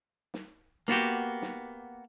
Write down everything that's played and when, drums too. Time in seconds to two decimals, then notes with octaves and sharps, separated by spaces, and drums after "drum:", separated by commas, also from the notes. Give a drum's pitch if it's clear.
0.34 drum: snare
0.88 A#3 B3 F#4 G4, drum: snare
1.42 drum: snare